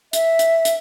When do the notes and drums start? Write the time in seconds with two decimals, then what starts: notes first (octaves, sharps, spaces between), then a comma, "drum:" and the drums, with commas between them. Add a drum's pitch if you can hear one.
0.13 E5, drum: hi-hat
0.39 drum: hi-hat
0.65 drum: hi-hat